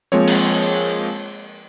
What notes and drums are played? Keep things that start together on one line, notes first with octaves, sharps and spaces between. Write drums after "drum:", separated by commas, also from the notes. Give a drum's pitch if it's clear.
F3 G#3 A#3 C4 C#5, drum: tambourine
drum: cymbal